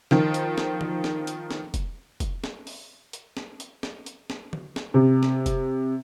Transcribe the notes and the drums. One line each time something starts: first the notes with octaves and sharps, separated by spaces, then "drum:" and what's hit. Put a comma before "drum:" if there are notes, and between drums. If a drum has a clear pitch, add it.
D#3 F3, drum: snare
drum: hi-hat
drum: snare
drum: tom D3
drum: snare
drum: hi-hat
drum: snare
drum: kick, hi-hat
drum: kick, hi-hat
drum: snare
drum: open hi-hat
drum: hi-hat
drum: snare
drum: hi-hat
drum: snare
drum: hi-hat
drum: snare
drum: tom D3
drum: snare
C3
drum: snare
drum: kick, hi-hat